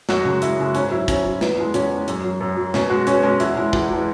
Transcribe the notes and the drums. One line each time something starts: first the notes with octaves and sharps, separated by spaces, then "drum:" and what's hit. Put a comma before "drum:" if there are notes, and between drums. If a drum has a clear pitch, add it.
F#2 F#4, drum: snare
C#3 G#3
F#2 E4, drum: hi-hat
C#3 G#3
G#2 C#4, drum: hi-hat
F#3 E4
G#2 C#4, drum: kick, hi-hat
F#3
E2 B3, drum: snare
E3 G#3
E2 C#4, drum: hi-hat
E3 G#3
F#2, drum: hi-hat
F#3
F#2
F#3
B2 C#4, drum: snare
G#3 F#4
B2 C#4, drum: hi-hat
G#3 C#4
E2 E4, drum: hi-hat
E3 G#3
E2, drum: kick
E3 G#3